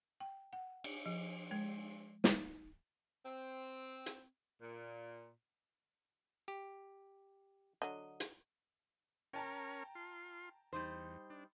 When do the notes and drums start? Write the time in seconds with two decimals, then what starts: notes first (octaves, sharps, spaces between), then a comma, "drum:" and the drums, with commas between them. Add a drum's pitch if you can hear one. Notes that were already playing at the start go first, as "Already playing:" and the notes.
0.20 G5
0.53 F#5
0.84 drum: cymbal
1.06 F3
1.51 G#3
2.24 D#4, drum: snare
3.26 C4
4.06 drum: hi-hat
4.61 A#2
6.48 G4
7.82 D3 F#3 D#5
8.20 drum: hi-hat
9.33 C#4 A#4 C#5 G5 A5 A#5
9.95 F4 C6
10.73 E2 G3 D#4 C5
11.30 D4